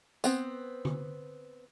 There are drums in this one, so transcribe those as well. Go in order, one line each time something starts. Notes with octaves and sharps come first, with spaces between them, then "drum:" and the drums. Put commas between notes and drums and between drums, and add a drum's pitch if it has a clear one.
B3 C4, drum: tambourine
drum: tom D3